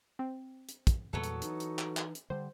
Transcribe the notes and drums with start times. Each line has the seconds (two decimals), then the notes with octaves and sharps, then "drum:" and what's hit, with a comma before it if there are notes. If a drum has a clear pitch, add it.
0.19 C4
0.69 drum: hi-hat
0.87 drum: kick, hi-hat
1.13 E2 A#2 F#3 G3 B3 A4
1.24 drum: hi-hat
1.42 E3 D#4, drum: hi-hat
1.60 drum: hi-hat
1.79 drum: clap
1.97 drum: clap
2.15 drum: hi-hat
2.30 D3 G3 C5